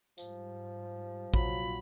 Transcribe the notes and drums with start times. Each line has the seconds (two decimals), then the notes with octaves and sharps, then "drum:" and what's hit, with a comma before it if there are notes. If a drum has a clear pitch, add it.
0.18 G#2 F3 G3, drum: tambourine
1.34 A#1 C3 F#3 F4 B5, drum: kick